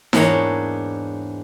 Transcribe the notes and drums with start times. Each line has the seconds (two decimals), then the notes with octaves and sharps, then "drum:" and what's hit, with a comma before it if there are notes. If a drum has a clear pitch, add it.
0.13 E2 G#2 A#3 D4 C#5 A#5, drum: snare D#4